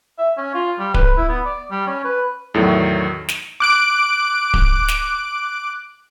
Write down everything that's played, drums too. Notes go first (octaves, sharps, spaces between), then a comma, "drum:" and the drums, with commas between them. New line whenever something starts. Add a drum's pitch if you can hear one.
E5
C#4
F4
G3
B4, drum: kick D1
E4
B3
D5
G3
C#4
B4
E2 A2 D#3 F#3
drum: snare
D6 F#6 D7
drum: kick D1
drum: snare